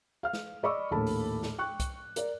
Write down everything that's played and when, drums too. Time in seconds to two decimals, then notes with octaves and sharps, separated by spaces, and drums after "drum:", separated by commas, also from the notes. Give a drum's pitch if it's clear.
0.23 F5 F6
0.33 drum: snare
0.63 D5 D#5 B5 C#6 D6 E6
0.91 A#1 D#2 A2 A4 A5 B5
1.07 drum: open hi-hat
1.43 drum: snare
1.58 G5 C#6 F#6
1.80 drum: kick C2, hi-hat
2.16 A#4 D5, drum: hi-hat